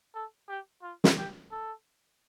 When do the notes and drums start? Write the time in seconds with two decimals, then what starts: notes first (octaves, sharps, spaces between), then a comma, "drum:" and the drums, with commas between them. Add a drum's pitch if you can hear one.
0.15 A4
0.49 G4
0.82 F4
1.04 drum: snare
1.17 G4
1.52 A4